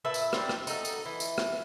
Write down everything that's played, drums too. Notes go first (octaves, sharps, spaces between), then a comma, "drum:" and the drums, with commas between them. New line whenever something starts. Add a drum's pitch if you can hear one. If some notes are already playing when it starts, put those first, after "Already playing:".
A#2 B4 E5 A5
drum: tambourine
G3 C4 D4 D#4, drum: rim click
drum: rim click
D#4 F#4 A4, drum: tambourine
drum: tambourine
E3
drum: tambourine
drum: rim click